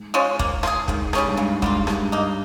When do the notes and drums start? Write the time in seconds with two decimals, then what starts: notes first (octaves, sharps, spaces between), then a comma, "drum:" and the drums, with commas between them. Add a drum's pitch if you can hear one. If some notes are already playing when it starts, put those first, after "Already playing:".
Already playing: G#2
0.14 F3 G#3 C#4
0.39 A#3, drum: kick
0.63 F4, drum: rim click
0.67 G#4
0.88 G#2 D#3, drum: kick
1.13 G3 C#4 G#4, drum: rim click
1.28 G2
1.37 G#2 C#3
1.62 G#2 G3 A#3 F4, drum: kick
1.87 G2 D#3, drum: rim click
2.12 A#3 D#4